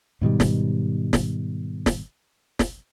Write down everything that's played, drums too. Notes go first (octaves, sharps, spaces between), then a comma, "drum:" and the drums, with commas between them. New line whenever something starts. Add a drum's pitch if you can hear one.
G#2 B2 D#3 G3
drum: snare
drum: snare
drum: snare
drum: snare